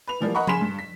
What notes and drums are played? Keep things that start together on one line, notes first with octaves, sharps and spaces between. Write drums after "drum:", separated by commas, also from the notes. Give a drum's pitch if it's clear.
B4 F7
E3 F3 G3 A#3
A#4 D#5 F#5 B5 C#6
C#3 G#5 B5 C6 B6 E7, drum: tom F3
G2
B6